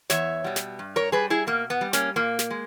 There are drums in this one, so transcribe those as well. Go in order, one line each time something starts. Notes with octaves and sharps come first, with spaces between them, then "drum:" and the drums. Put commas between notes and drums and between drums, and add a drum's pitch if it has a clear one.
E2 C#5 E5, drum: snare
B2 G3
drum: snare
G2
A#4 C#5
G3 G#4 B4
E4 G#4
B2 A#3
B3
G3
A#3 C#4, drum: snare
A#2 A#3
drum: snare
G#3